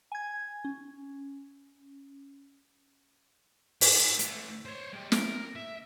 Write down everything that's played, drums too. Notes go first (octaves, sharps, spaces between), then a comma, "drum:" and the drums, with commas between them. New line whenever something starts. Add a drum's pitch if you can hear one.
G#5 G#6
C#4
G#2, drum: open hi-hat
E3 A3, drum: hi-hat
C5 C#5
G#3 G4
A#4, drum: snare
E5